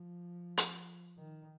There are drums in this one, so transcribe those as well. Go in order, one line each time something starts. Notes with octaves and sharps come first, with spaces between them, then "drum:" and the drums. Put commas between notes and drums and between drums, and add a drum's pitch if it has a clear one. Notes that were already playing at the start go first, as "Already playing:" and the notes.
Already playing: F3
drum: hi-hat
D#3